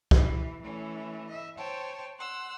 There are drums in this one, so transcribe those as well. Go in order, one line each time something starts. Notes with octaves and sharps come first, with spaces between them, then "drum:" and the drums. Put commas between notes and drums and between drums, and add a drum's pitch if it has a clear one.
E3, drum: kick
E3 A3 C#4
D#5 E5
C5 C#5 G5 A5
F#5 C6 E6